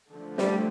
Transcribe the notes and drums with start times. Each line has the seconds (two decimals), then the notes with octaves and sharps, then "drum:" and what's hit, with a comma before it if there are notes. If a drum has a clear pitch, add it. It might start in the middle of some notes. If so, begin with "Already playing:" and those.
0.13 D3 F3 A3
0.38 G3, drum: snare